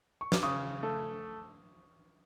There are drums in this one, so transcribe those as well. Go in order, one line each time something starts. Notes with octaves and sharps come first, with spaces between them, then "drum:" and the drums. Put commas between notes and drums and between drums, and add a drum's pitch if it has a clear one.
C#6
D6, drum: snare
C#3 C#6 D#6
A3